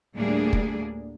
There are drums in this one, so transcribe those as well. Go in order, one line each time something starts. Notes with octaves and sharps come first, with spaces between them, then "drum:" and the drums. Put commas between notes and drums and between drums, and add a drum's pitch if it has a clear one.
D2 A2 G3 A#3 D4 G#4
drum: kick